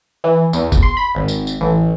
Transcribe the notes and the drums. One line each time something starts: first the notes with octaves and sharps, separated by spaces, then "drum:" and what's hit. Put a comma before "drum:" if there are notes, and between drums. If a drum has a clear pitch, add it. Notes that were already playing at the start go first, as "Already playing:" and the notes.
E3
E2, drum: tambourine
drum: kick, tambourine
C6
B5
G#1
drum: tambourine
drum: tambourine
A1